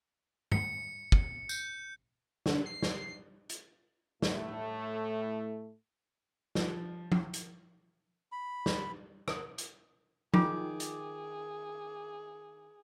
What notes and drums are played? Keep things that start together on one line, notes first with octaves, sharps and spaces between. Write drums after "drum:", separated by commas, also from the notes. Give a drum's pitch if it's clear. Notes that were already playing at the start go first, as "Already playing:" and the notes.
C#7, drum: tom G2
drum: kick
G6, drum: tambourine
D3, drum: snare
C7
drum: snare
drum: hi-hat
A2 A3, drum: snare
F3, drum: snare
drum: tom F3
drum: hi-hat
B5
drum: snare
drum: rim click
drum: hi-hat
D#3 F4 G#4 D6, drum: tom F3
drum: hi-hat